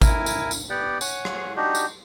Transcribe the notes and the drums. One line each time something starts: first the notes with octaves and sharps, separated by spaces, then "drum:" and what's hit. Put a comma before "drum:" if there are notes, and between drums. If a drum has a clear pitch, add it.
E4 A#4 G#5, drum: kick, tambourine
drum: tambourine
drum: tambourine
B3 G4 D5 F#5
C#5 F#5 G#5, drum: tambourine
drum: rim click
D4 D#4 F#4 G4
drum: tambourine